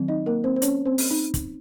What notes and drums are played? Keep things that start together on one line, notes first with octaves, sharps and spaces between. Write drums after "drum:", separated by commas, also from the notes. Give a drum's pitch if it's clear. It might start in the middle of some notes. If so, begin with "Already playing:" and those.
Already playing: D#3 F#3 C4
D#4 D#5
A#3 A#4
C4 C5
C5
C#4 C#5, drum: hi-hat
C4 C5
drum: open hi-hat
D#4
drum: kick, hi-hat